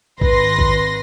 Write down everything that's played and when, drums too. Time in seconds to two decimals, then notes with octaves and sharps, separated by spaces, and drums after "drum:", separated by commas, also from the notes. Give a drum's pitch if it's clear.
0.21 G#1 B4 C6 A#6, drum: kick A1
0.59 drum: kick A1